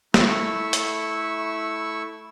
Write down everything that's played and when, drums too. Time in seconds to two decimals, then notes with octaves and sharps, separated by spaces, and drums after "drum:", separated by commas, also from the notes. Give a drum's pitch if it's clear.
0.14 A3 E4 C#6 E6, drum: snare
0.73 drum: hi-hat